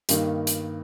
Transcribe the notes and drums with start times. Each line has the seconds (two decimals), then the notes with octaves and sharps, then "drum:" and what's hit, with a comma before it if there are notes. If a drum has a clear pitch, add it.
0.09 G2 D#3 A#3 D#4, drum: hi-hat
0.47 drum: hi-hat